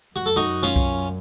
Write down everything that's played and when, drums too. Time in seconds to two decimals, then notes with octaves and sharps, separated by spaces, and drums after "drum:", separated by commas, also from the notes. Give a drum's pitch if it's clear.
0.15 F#2 F#4
0.26 A4
0.36 D#4 F#4
0.63 C#4 F4
0.76 drum: kick C2